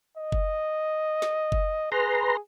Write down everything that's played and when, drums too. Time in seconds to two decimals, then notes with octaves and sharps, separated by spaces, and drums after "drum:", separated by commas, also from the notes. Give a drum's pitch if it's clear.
0.17 D#5
0.32 drum: kick F#1
1.22 drum: snare
1.52 drum: kick F#1
1.92 G#4 B4 A#5 C6